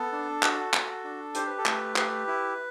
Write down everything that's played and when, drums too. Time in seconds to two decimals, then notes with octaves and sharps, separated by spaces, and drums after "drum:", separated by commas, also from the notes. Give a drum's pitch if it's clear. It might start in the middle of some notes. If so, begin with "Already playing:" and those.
Already playing: B3 A4
0.12 D4
0.43 F#4, drum: clap
0.73 F#4, drum: clap
1.04 D4
1.35 G4 C5, drum: hi-hat
1.46 B4
1.58 A4
1.66 A3 B4, drum: clap
1.96 G4, drum: clap
2.27 E4